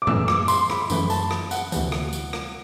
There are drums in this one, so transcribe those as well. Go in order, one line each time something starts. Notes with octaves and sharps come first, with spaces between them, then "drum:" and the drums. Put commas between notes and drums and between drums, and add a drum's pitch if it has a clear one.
D6
F#2 E3 A3 E6, drum: tom A2
D6, drum: rim click
C6, drum: tambourine
B5, drum: rim click
F#2 E3 A3 B5, drum: tambourine
A5, drum: tambourine
drum: rim click
F#5, drum: tambourine
D2 C3 E3, drum: tambourine
drum: rim click
drum: tambourine
drum: rim click